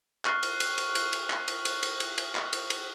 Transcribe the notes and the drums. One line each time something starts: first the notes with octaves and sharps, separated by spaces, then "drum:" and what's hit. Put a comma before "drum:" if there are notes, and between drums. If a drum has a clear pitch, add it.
C#6 F6 F#6 C7, drum: clap
drum: cymbal
drum: cymbal
drum: cymbal
drum: cymbal
drum: cymbal
drum: clap
drum: cymbal
drum: cymbal
drum: cymbal
drum: cymbal
drum: cymbal
drum: clap
drum: cymbal
drum: cymbal